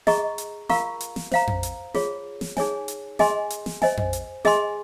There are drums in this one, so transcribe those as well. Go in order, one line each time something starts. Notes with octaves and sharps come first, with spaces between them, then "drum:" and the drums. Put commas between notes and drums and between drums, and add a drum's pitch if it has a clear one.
G#4 D#5 A#5 C#6, drum: snare
drum: hi-hat
F4 A#4 F5 A#5 C#6, drum: snare
drum: hi-hat
drum: snare
C5 F5 A#5, drum: snare
drum: tom F2
drum: hi-hat
F4 G#4 C#5, drum: snare
drum: snare
D#4 G#4 C#5 G#5, drum: snare
drum: hi-hat
G#4 D#5 G#5 C6, drum: snare
drum: hi-hat
drum: snare
C5 D#5 G#5, drum: snare
drum: tom F2
drum: hi-hat
G#4 D#5 G#5 C6, drum: snare